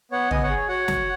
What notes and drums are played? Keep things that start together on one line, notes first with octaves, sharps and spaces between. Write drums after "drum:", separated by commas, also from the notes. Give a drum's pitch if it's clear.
B3 C#5 F#5
B3 D#5 G#5, drum: tom
C#5 F#5
G#4
C#5
F#4 C#5 F#5
F#4, drum: snare